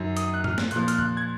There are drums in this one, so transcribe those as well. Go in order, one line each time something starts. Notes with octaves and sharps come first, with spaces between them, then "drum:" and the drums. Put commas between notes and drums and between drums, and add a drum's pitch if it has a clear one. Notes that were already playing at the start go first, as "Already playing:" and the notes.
Already playing: F#2 D#3 F#3
D#6, drum: hi-hat
F#6
F6, drum: tom G#2
drum: snare
A#2 F3 F#6, drum: hi-hat
F6, drum: hi-hat
F#6, drum: tom E2
G#6